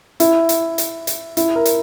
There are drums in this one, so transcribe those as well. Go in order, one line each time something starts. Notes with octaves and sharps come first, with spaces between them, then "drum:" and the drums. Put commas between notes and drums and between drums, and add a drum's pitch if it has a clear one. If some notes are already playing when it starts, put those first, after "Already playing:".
E4, drum: hi-hat
drum: hi-hat
drum: hi-hat
drum: hi-hat
E4, drum: hi-hat
A#4
drum: hi-hat